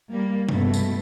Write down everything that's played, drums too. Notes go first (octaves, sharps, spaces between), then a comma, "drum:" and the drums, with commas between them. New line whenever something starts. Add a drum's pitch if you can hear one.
G3 A#3
G2 B2 G#3 A3, drum: tom C3
drum: tambourine